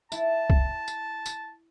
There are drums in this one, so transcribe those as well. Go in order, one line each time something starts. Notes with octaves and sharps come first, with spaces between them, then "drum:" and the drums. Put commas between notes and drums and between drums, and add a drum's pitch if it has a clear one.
E4 A5, drum: tambourine
drum: kick C2
drum: tambourine
drum: tambourine